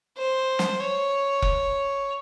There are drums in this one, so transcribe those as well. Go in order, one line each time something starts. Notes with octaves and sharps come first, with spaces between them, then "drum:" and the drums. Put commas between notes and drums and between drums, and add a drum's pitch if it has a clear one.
C5
drum: snare
C#5
drum: kick F1